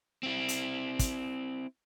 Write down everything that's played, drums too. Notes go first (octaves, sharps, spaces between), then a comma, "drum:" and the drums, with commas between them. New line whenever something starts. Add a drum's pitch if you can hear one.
C4 E4
drum: hi-hat
drum: kick, hi-hat